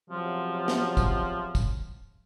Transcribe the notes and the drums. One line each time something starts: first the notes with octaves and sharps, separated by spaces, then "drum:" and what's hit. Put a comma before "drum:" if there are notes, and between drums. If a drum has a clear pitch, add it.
E2 C3 F3 F#3
drum: snare
drum: kick, tambourine
drum: kick, tambourine